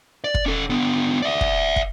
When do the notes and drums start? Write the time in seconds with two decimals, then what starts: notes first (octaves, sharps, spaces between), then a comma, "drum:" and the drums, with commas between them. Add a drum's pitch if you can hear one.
0.24 D5
0.34 drum: kick
0.46 C#4 A4
0.70 D3 B3
1.22 D5 E5
1.41 drum: kick
1.76 drum: kick